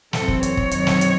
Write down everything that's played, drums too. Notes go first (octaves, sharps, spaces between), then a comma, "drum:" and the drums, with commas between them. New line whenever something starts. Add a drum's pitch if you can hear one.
F#2 E3 C4 A4, drum: snare
drum: kick
C#5, drum: hi-hat
drum: kick
F#2 D#3 F#3 C4, drum: hi-hat
drum: snare
drum: hi-hat